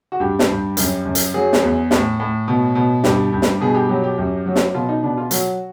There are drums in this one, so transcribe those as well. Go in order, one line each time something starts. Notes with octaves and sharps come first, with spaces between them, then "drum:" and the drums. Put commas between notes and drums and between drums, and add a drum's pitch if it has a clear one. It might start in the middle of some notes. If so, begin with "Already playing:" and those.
F#4
G2 G4
drum: snare
G2
F#2, drum: hi-hat
F#2
drum: hi-hat
F#3 G#4
drum: snare
E2
A2, drum: snare
A2
B2
B2
G2 G4, drum: snare
G2
drum: snare
B2 G#4
G4
F#3 G4
G4
F#2 G4
F#3
drum: snare
B2 F4
D#4
B2 D4
F4
F#3 F#4, drum: hi-hat